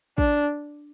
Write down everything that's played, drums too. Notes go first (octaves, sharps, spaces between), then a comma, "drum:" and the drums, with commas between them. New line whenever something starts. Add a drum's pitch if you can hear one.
D4, drum: kick